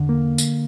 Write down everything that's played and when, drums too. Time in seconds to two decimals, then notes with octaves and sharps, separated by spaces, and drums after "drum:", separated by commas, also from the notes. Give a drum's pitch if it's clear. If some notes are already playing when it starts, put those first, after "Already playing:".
Already playing: E2 D3
0.09 A#3
0.38 drum: tambourine